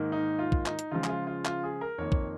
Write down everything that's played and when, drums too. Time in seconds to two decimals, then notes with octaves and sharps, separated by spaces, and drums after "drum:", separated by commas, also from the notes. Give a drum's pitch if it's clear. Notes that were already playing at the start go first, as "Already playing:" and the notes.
Already playing: G#2 D#3 A#3
0.12 D#4
0.39 F4
0.52 drum: kick
0.66 D#4, drum: clap
0.79 drum: hi-hat
0.91 C#3 F3 G#3 F4
1.04 G#4, drum: clap
1.09 F4
1.27 F4
1.45 F4, drum: clap
1.63 G#4
1.81 A#4
1.98 F2 D#3 A#3 C#5
2.12 drum: kick